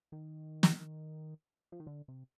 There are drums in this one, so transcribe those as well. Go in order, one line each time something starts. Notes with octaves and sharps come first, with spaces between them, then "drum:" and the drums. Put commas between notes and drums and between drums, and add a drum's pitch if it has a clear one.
D#3
drum: snare
F3
D#3
D3
C3